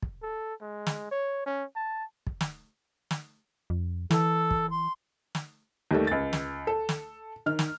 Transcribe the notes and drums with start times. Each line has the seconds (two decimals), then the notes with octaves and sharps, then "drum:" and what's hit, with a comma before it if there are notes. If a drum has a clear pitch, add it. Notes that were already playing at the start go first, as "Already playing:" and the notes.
0.02 drum: kick
0.23 A4
0.61 G#3
0.87 drum: snare
1.12 C#5
1.46 C#4
1.76 A5
2.27 drum: kick
2.41 drum: snare
3.11 drum: snare
3.70 F2
4.11 E3 A4, drum: snare
4.51 drum: kick
4.70 C6
5.35 drum: snare
5.91 D#2 G3 A3
6.07 C#2 A6
6.33 drum: snare
6.67 A4
6.89 drum: snare
7.46 D#3 F6
7.59 drum: snare